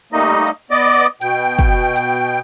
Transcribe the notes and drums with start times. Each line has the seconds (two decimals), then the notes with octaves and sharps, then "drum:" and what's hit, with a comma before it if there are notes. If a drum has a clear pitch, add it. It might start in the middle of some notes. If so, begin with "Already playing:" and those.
0.13 G3 A3 A#3 D#4 D#5
0.47 drum: hi-hat
0.71 B3 D5 D#5 D6
1.21 B2 G5, drum: hi-hat
1.59 drum: kick
1.96 drum: hi-hat